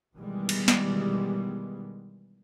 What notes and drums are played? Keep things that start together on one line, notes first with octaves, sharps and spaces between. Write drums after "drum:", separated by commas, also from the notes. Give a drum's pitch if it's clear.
B2 D#3 E3 G3 G#3 B3
drum: cymbal
drum: snare